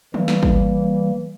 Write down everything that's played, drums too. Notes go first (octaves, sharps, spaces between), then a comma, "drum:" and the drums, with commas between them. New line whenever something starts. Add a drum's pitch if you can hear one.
E3 G3 A#3, drum: tom E3
drum: snare
drum: kick